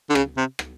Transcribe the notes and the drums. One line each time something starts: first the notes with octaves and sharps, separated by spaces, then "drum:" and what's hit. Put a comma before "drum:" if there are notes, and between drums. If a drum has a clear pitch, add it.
D3
C#3, drum: rim click
C3
drum: rim click